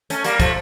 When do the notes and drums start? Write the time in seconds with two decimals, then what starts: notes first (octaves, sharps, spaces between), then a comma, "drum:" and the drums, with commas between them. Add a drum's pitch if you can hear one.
0.10 A3 C#4, drum: hi-hat
0.24 G3 A#3, drum: hi-hat
0.40 F3 A3, drum: kick, hi-hat